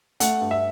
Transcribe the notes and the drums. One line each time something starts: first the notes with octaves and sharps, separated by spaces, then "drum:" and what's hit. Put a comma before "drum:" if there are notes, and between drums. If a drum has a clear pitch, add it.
A3 F#5, drum: hi-hat
G2
E5